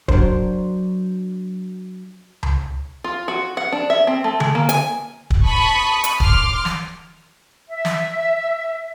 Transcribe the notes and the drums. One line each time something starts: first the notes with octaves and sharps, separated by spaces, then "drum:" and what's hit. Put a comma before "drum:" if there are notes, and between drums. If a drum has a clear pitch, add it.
F#3 D4 A#4 C5, drum: kick
drum: tom C#2
F4
F#4
F#5
D4
E5
C4
A3
G#3, drum: tom D3
A#3
G#5, drum: hi-hat
drum: kick
A5 B5 C#6 D#6
drum: hi-hat
C6 D6 F6, drum: kick
drum: snare
E5
drum: snare